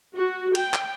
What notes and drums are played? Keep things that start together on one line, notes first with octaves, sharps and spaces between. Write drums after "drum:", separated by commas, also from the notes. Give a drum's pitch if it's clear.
F#4
G5, drum: cymbal
drum: clap